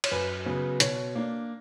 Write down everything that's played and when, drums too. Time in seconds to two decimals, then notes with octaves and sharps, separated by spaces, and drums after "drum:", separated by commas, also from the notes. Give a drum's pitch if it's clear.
0.04 C#5, drum: cymbal
0.12 F#2 B4
0.46 C#3 F#3 B3
0.80 B2 C#5, drum: hi-hat
1.15 A#3 D4